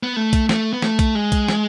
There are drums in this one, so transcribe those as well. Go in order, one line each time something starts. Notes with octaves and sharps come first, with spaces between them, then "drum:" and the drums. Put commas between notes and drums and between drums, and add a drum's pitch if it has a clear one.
B3
A3
drum: kick B1, hi-hat
A3, drum: snare
B3
A3, drum: snare
drum: kick B1, hi-hat
G#3
drum: kick B1, hi-hat
drum: snare